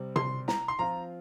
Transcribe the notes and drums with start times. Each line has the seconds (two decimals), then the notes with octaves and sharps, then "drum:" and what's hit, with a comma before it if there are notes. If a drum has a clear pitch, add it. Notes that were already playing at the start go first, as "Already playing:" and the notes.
Already playing: C3 G3 C4
0.16 C6, drum: tom C3
0.48 A#5, drum: snare
0.68 C6
0.79 F3 C4 F4 A#5